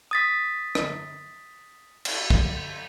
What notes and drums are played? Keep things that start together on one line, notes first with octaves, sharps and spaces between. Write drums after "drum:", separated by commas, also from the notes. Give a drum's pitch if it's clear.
D#6 A6 B6
drum: rim click
drum: cymbal
drum: kick